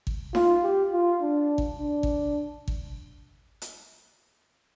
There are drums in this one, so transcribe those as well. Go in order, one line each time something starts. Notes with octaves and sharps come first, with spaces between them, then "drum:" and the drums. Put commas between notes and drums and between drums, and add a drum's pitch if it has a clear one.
drum: kick G#1
F4, drum: snare D#4
G4
F4
D4
drum: kick G#1
D4
drum: kick G#1
drum: kick G#1
drum: hi-hat